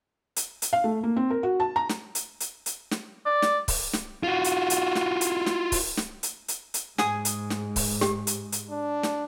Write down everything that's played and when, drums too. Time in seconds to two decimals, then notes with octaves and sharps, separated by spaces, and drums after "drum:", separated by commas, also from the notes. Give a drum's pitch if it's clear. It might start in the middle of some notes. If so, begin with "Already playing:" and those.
0.36 drum: hi-hat
0.62 drum: hi-hat
0.73 F5
0.84 A3
1.03 A#3
1.16 C4
1.30 A#4
1.43 F#4
1.60 A5
1.76 A#5
1.89 drum: snare
2.15 drum: hi-hat
2.40 drum: hi-hat
2.66 drum: hi-hat
2.91 drum: snare
3.26 D5
3.42 drum: snare
3.68 drum: kick, open hi-hat
3.93 drum: snare
4.23 F4 F#4
4.44 drum: hi-hat
4.70 drum: hi-hat
4.95 drum: snare
5.21 drum: hi-hat
5.46 drum: snare
5.72 drum: kick, open hi-hat
5.97 drum: snare
6.23 drum: hi-hat
6.48 drum: hi-hat
6.74 drum: hi-hat
6.98 G#2 G#4 G#5 D#6, drum: snare
7.25 drum: hi-hat
7.50 drum: snare
7.76 drum: kick, open hi-hat
8.01 G4, drum: snare
8.27 drum: hi-hat
8.52 drum: hi-hat
8.70 D4
9.03 drum: snare